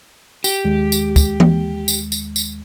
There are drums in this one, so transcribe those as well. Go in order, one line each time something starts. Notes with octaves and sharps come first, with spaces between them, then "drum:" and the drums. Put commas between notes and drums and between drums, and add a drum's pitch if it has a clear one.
G4, drum: tambourine
D#2 G#3
drum: tambourine
drum: kick, tambourine
drum: tom E3
drum: tambourine
drum: tambourine
drum: tambourine